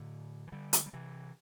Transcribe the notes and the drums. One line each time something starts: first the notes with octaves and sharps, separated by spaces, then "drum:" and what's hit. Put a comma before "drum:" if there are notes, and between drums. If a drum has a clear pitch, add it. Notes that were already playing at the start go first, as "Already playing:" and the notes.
Already playing: A2 D3
E3
D3 G3
drum: hi-hat
G3
C3 E3